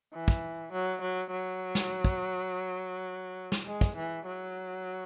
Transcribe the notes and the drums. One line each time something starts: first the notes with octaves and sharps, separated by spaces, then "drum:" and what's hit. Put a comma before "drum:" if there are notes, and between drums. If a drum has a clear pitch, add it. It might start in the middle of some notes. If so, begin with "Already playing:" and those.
E3
drum: kick
F#3
F#3
F#3
drum: snare
drum: kick
drum: snare
G#3
drum: kick
E3
F#3